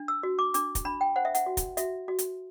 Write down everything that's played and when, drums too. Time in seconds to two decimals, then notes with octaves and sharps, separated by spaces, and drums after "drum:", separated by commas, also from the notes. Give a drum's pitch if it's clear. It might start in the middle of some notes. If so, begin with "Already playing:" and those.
Already playing: D4
0.08 E6
0.23 F#4
0.39 D6
0.54 D4 D6, drum: hi-hat
0.75 drum: kick, hi-hat
0.85 D4 B5
1.01 G5
1.16 C5 F#5
1.25 E5
1.35 F#5, drum: hi-hat
1.46 F#4
1.57 drum: kick, hi-hat
1.77 F#4 E5, drum: hi-hat
2.08 F#4
2.19 drum: hi-hat